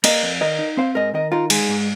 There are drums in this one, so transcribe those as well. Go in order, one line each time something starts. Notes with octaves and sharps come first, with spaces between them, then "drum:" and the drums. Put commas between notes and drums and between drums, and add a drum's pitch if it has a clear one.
A#3 A#4 D#5, drum: cymbal
F2
D#3 A#4 D#5
D#4
C4 C5 F5
G#2 A#4 D#5
D#3 A#4 D#5
D#4 F4 A#4
G#3 G#4, drum: cymbal
G#2